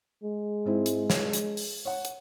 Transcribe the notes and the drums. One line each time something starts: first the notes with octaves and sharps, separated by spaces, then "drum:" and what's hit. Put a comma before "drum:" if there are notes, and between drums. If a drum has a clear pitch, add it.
G#3
G#2 C4 E4
drum: hi-hat
C#5, drum: snare
drum: hi-hat
drum: open hi-hat
C#5 F#5
drum: hi-hat